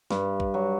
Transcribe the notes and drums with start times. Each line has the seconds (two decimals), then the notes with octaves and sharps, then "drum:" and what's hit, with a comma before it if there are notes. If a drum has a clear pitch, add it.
0.10 G2, drum: snare
0.40 drum: kick
0.54 F#3